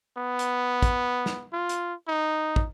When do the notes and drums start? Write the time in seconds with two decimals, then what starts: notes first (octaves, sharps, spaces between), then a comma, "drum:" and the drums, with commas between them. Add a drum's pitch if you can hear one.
0.17 B3
0.39 drum: hi-hat
0.82 drum: kick, hi-hat
1.26 drum: snare
1.53 F4
1.69 drum: hi-hat
2.08 D#4
2.56 drum: kick